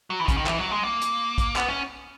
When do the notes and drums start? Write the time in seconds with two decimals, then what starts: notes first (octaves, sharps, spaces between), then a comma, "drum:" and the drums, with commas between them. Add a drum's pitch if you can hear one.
0.10 F#3
0.20 E3
0.25 D#3
0.28 C#3, drum: kick, hi-hat
0.37 D#3
0.46 E3, drum: clap
0.59 F#3
0.71 G#3
0.83 A#3
1.01 drum: hi-hat
1.38 drum: kick, hi-hat
1.56 B3, drum: clap
1.69 C#4